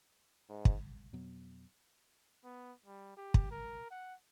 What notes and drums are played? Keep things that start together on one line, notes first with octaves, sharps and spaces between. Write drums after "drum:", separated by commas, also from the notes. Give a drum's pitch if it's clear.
G#2
drum: kick
F2 B2 F#3 B3
B3
G3
G4
drum: kick
A#4
F#5